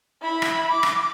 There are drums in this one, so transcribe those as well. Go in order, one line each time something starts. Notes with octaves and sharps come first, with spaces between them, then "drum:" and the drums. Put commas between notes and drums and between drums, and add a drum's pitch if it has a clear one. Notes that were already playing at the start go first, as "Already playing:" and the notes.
E4 B5
drum: rim click
D6
drum: rim click